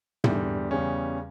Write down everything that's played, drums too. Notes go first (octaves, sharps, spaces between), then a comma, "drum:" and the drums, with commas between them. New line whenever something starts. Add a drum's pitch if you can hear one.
E2 D3 G3, drum: tom
E2 C#3 G3 C#4